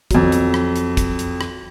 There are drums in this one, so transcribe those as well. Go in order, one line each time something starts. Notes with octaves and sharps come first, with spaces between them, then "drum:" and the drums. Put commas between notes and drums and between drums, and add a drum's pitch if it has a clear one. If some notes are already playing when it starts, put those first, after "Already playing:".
F2 F#3, drum: kick, hi-hat
drum: hi-hat
drum: rim click
drum: hi-hat
drum: kick, hi-hat
drum: hi-hat
drum: rim click